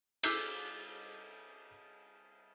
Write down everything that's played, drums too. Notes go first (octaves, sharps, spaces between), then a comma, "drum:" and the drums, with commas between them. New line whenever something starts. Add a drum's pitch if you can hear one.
D6 E6 F#6 G6 B6 C7, drum: cymbal